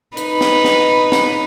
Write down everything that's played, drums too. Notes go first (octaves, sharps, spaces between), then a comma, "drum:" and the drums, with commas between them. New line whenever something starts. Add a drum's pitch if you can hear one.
D#4 B4, drum: hi-hat
drum: snare
drum: snare
drum: snare